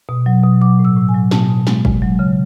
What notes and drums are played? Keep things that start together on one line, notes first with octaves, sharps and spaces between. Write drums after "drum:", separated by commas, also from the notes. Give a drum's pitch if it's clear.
B2
F#3
B2
F#3 D6
A2
E6
A2
G#5
F#3
B2 A5, drum: snare
B2
G#3, drum: snare
G#3, drum: kick
F#3
C#3